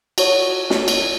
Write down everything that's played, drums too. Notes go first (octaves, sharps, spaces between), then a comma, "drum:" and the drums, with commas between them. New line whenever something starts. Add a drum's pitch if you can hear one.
F#4 C#5, drum: cymbal
drum: snare
drum: cymbal